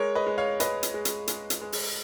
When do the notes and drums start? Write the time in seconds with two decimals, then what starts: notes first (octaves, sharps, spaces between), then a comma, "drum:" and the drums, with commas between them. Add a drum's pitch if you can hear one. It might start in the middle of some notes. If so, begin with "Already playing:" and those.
Already playing: G#3 A#4 C#5
0.15 B4 D#5
0.27 G#3
0.38 C#5 F5
0.60 G#3 B4 D#5, drum: hi-hat
0.83 drum: hi-hat
0.94 G#3
1.05 drum: hi-hat
1.28 G#3, drum: hi-hat
1.50 drum: hi-hat
1.61 G#3
1.72 drum: open hi-hat